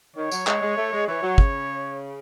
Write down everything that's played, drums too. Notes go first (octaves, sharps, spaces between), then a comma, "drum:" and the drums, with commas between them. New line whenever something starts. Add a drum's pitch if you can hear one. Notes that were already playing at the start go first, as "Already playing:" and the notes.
D#3 C#5
F#3, drum: tambourine
G#3, drum: clap
G#3
A3
G#3
E3 C#5
F#3
C#3, drum: kick